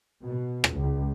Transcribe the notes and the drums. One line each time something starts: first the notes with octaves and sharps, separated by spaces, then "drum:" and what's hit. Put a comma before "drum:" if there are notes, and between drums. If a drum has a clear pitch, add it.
B2
drum: rim click
C#2